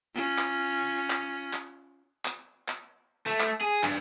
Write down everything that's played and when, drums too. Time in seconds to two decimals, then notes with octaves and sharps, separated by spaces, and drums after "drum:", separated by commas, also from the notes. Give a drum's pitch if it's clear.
0.15 C#4 F4
0.38 drum: clap
1.10 drum: clap
1.53 drum: clap
2.25 drum: clap
2.68 drum: clap
3.26 A3
3.40 drum: clap
3.61 G#4
3.83 G2, drum: clap